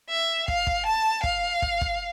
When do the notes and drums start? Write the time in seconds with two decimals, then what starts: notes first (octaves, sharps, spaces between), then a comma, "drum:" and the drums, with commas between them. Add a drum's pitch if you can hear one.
0.10 E5
0.48 F5, drum: kick
0.67 drum: kick
0.86 A5
1.24 F5, drum: kick
1.62 drum: kick
1.81 drum: kick